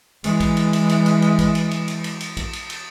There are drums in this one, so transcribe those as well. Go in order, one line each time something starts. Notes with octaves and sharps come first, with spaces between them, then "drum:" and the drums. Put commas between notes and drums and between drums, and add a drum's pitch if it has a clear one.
E3 G#3, drum: cymbal
drum: kick A#1, cymbal
drum: cymbal
drum: cymbal
drum: cymbal
drum: cymbal
drum: cymbal
drum: kick A#1, cymbal
drum: cymbal
drum: cymbal
drum: cymbal
drum: cymbal
drum: cymbal
drum: kick A#1, cymbal
drum: cymbal
drum: cymbal